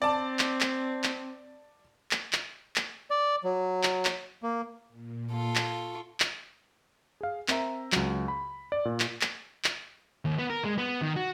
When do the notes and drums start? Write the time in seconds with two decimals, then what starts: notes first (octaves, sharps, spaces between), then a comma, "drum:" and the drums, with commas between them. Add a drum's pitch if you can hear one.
0.02 C4 D5 A5
0.39 drum: clap
0.61 drum: clap
1.04 drum: clap
2.11 drum: clap
2.33 drum: clap
2.76 drum: clap
3.11 D5
3.44 F#3
3.83 drum: clap
4.05 drum: clap
4.43 A#3
4.89 A#2
5.31 F4 A4
5.56 drum: clap
5.68 C#6
6.20 drum: clap
7.21 G#4 F5
7.48 C4 A#4 E5 A#5, drum: clap
7.92 C#2 F#3, drum: clap
8.28 B5
8.72 D5
8.85 A#2
9.00 drum: clap
9.21 drum: clap
9.64 drum: clap
10.25 D#2
10.38 B3
10.50 A#4
10.64 G#3
10.78 B3
11.02 D#3
11.16 F#4